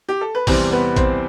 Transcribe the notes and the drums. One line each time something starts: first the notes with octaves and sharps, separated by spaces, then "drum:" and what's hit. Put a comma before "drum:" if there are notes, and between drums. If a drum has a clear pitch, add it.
G4
A4
B4
E2 C3 E3 G3 C4 C5, drum: kick, open hi-hat
B3 B4
C4 C5, drum: kick, hi-hat